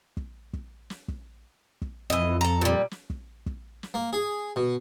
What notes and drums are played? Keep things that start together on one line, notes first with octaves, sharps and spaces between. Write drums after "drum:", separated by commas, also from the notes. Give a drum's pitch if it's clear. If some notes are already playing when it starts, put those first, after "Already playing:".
drum: kick
drum: kick
drum: snare
drum: kick
drum: kick
F2 E3 D#5
A4 A#5
A#2 G3
drum: snare
drum: kick
drum: kick
drum: snare
A#3
G#4
B2